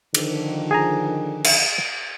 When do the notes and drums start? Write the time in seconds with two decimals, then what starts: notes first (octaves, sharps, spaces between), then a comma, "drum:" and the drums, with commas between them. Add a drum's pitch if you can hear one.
0.14 D3 D#3 F3, drum: cymbal
0.71 G#4 G#5 A#5
1.44 drum: cymbal